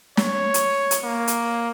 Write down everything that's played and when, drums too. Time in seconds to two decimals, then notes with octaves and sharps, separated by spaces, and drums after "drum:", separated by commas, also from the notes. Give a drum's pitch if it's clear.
0.17 C#5, drum: snare
0.54 drum: hi-hat
0.91 drum: hi-hat
1.04 A#3
1.27 drum: hi-hat